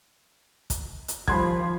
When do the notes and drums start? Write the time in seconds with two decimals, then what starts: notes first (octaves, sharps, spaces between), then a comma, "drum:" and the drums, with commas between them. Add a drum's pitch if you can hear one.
0.70 drum: kick, hi-hat
1.08 drum: hi-hat
1.28 D#3 F3 G3 B5 C6 G#6, drum: kick